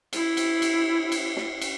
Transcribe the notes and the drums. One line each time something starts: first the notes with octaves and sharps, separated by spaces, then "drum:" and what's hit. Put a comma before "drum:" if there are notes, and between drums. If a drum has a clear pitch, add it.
E4, drum: cymbal
drum: cymbal
drum: cymbal
drum: cymbal
drum: snare
drum: cymbal